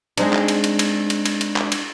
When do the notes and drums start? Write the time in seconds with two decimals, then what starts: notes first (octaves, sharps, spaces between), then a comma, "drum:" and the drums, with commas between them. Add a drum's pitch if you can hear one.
0.18 G#3 C4 D4 D#4, drum: cymbal
0.33 drum: clap
0.48 drum: cymbal
0.64 drum: cymbal
0.79 drum: cymbal
1.10 drum: cymbal
1.25 drum: cymbal
1.41 drum: cymbal
1.56 drum: clap
1.72 drum: cymbal